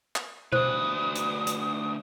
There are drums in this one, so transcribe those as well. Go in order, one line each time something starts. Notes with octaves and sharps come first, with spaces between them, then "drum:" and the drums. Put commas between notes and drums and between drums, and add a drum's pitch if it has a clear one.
drum: clap
D2 B4 C5 D#6, drum: tom B2
drum: hi-hat
drum: hi-hat